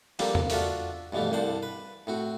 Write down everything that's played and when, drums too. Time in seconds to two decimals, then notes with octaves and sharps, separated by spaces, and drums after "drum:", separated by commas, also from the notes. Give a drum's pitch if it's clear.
0.19 D3 F3 G3 A#3 C4 D4, drum: open hi-hat
0.35 drum: tom E2
0.50 D4 F4 F#4 A4 E5 C#6, drum: open hi-hat
1.12 G2 B2 E3 F3 A3
1.30 C2 G2 D3 C5 F#5 A5
1.63 B4
2.07 A2 C4 F#4